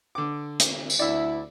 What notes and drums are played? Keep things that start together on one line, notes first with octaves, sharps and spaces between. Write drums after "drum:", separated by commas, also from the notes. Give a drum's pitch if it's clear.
D3 D6
drum: hi-hat
drum: tambourine
D2 E4 D5 E5